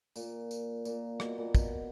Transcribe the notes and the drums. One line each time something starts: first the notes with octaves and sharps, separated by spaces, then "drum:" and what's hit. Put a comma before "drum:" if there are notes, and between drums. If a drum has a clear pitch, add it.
A#2, drum: tambourine
drum: tambourine
A#2, drum: tambourine
B2, drum: rim click
A#2
B2, drum: kick, tambourine